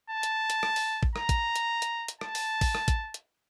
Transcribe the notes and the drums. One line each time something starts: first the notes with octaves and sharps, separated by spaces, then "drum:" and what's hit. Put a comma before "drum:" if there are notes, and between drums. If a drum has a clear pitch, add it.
A5
drum: hi-hat
drum: hi-hat
drum: rim click
drum: open hi-hat
drum: kick A1
A#5, drum: rim click
drum: kick A1, hi-hat
drum: hi-hat
drum: hi-hat
drum: hi-hat
A5, drum: rim click
drum: open hi-hat
drum: kick A1, open hi-hat
drum: rim click
drum: kick A1, hi-hat
drum: hi-hat